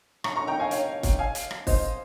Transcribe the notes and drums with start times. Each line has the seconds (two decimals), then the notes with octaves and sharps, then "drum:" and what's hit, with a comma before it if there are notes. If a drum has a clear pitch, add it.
0.24 A#5 C#6, drum: rim click
0.36 A#5 C#6
0.47 G5 A#5
0.60 F5 G#5
0.71 C#5 F5, drum: hi-hat
1.03 drum: kick, hi-hat
1.19 F5 G#5
1.35 drum: hi-hat
1.51 drum: rim click
1.67 C5 D#5, drum: kick, open hi-hat